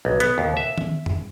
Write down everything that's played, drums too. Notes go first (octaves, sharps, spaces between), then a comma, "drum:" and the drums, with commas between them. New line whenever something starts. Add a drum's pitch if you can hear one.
B1
B3, drum: hi-hat
D#2
E5
drum: tom D#3
drum: tom F2